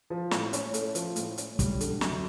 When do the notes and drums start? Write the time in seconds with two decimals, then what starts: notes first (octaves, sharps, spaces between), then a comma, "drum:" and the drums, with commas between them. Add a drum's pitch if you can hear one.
0.10 F3
0.31 A2, drum: snare
0.53 C#4, drum: hi-hat
0.74 A3, drum: hi-hat
0.95 F3, drum: hi-hat
1.16 A2, drum: hi-hat
1.38 C#4, drum: hi-hat
1.59 G3, drum: kick, hi-hat
1.81 D3, drum: hi-hat
2.01 F#2, drum: snare